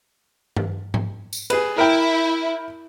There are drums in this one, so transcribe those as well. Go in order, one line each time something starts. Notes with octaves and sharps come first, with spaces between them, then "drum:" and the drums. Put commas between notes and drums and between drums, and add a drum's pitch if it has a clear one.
drum: tom
drum: tom G#2
drum: tambourine
G#4 B4, drum: cymbal
E4 A#4 G5